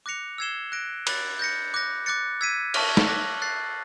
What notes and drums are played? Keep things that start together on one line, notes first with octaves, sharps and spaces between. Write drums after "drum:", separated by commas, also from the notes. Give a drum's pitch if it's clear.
D6 F#6 A#6 C#7 F7
E6 G#6 C7 E7 G7
F#6 A#6 D7
B5 D6 F#6 A6, drum: cymbal
G6 A#6 C#7
D6 F#6 A#6
D6 F#6 A6 C#7
E6 G#6 B6 D#7
A5 C#6 F6, drum: cymbal
drum: snare
D6 F#6 A#6
F#6 A6 C7